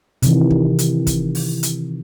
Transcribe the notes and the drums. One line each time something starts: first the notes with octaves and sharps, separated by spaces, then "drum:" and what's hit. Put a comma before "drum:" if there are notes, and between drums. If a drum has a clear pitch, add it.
C3 D#3 E3, drum: hi-hat
drum: kick
drum: hi-hat
drum: kick, hi-hat
drum: open hi-hat
drum: hi-hat